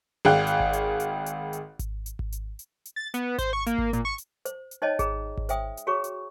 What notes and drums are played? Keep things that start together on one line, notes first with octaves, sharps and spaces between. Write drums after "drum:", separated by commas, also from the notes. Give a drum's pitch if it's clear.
G#1 G#4 F5 G5 F#6
drum: hi-hat
drum: kick G#1
drum: hi-hat
drum: hi-hat
drum: hi-hat
drum: hi-hat
drum: kick G#1, hi-hat
drum: hi-hat
drum: kick G#1
drum: hi-hat
drum: hi-hat
drum: hi-hat
A6
B3, drum: hi-hat
C5, drum: kick G#1, hi-hat
C#6
A#3, drum: hi-hat
drum: kick G#1
A#2, drum: hi-hat
C#6
drum: hi-hat
C5, drum: hi-hat
drum: hi-hat
D#4 C5 C#5 D#5 G5 A5
G#4 A#5, drum: kick G#1, hi-hat
drum: kick G#1
C5 E5 G5 D#6, drum: hi-hat
drum: hi-hat
F#4 G#4 C#5 A#5 C#6
drum: hi-hat